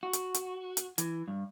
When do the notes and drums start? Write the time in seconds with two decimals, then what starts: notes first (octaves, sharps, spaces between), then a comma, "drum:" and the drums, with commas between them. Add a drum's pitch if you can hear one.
0.03 F#4
0.13 drum: hi-hat
0.34 drum: hi-hat
0.77 drum: hi-hat
0.98 E3, drum: hi-hat
1.28 G2